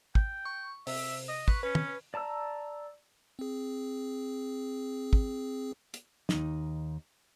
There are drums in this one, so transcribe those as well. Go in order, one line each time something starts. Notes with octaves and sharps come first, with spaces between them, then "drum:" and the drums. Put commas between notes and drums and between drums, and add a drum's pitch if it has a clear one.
G5, drum: kick
C#6
C3 E5, drum: open hi-hat
D#5
B4 C#6, drum: kick
C#4 B4
drum: tom
D5 A5 A#5 E6
C4 G#4
drum: kick
drum: hi-hat
D#2 D#4, drum: snare